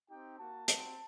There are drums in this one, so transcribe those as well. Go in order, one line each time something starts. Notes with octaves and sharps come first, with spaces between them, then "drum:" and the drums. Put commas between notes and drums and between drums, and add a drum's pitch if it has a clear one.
C4 D#4 G4 G5
A#3 F#4 A5
C4 F#4, drum: hi-hat